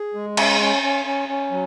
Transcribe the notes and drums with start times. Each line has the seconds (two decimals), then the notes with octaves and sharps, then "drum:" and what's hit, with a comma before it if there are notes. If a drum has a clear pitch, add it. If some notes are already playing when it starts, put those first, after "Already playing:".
Already playing: G#4
0.14 G#3
0.37 C#4, drum: cymbal
0.60 C#4
0.83 C#4
1.05 C#4
1.28 C#4
1.51 F#3